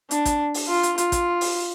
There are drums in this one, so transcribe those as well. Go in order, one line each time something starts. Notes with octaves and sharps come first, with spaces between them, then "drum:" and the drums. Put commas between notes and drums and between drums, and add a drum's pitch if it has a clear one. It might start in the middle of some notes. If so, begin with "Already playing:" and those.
D4, drum: hi-hat
drum: kick A1, hi-hat
drum: open hi-hat
F4
drum: hi-hat
F4, drum: hi-hat
drum: kick A1, hi-hat
drum: open hi-hat